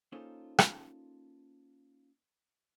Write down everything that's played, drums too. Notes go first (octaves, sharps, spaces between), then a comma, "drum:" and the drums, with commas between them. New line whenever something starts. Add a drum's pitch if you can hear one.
A#3 C#4 D#4 F4 A4 C5
drum: rim click